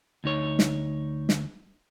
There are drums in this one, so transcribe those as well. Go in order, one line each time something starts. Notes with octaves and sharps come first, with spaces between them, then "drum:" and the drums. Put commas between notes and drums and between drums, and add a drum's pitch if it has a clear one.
D2 D#4 C#5
drum: snare
drum: snare